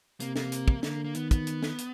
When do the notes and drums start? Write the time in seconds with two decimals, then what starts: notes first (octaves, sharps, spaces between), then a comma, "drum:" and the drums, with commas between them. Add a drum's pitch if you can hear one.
0.20 C3 A#3, drum: hi-hat
0.36 A#3, drum: snare
0.52 drum: hi-hat
0.68 drum: kick
0.83 D3 A#3, drum: snare
1.04 A#3
1.14 D#3 B3, drum: hi-hat
1.31 B3, drum: kick, hi-hat
1.47 drum: hi-hat
1.63 drum: snare
1.78 drum: hi-hat